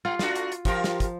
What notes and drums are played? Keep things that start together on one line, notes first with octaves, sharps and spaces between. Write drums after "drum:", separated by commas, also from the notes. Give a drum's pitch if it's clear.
G3 F4
A3 D4 F#4, drum: snare
drum: hi-hat
drum: hi-hat
F3 F4 G4 A#4, drum: kick, hi-hat
drum: snare
drum: kick, hi-hat